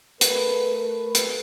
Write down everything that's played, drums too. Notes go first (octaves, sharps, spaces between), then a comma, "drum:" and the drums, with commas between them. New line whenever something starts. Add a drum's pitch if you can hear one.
A3 A#4 B4, drum: hi-hat
drum: hi-hat